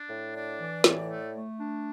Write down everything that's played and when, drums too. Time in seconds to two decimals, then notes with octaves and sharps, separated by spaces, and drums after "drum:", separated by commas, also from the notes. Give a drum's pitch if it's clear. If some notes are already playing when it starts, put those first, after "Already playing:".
Already playing: D4
0.09 A2
0.35 D4 D5
0.60 E3
0.84 A2, drum: snare
1.10 A3
1.34 A3
1.60 D4